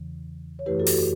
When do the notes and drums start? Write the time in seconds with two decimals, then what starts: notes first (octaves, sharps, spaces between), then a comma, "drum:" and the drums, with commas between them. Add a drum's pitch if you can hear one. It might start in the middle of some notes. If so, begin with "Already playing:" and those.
Already playing: E2 C#3 E3
0.59 C#5
0.66 F#2 E3 A3 E4 G4 B4
0.80 F#4 A4
0.87 G4, drum: open hi-hat
0.93 F#4 A4